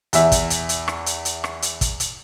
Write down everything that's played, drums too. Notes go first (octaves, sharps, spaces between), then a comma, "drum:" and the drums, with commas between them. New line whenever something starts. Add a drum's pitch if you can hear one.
E2 E5, drum: hi-hat
drum: kick, hi-hat
drum: hi-hat
drum: hi-hat
drum: rim click
drum: hi-hat
drum: hi-hat
drum: rim click
drum: hi-hat
drum: kick, hi-hat
drum: hi-hat